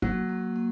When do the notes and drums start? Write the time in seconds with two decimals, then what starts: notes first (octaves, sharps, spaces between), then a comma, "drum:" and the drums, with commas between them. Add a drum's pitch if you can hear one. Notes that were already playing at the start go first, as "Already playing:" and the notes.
0.02 F#3 A#3, drum: kick
0.29 A#3
0.56 A#3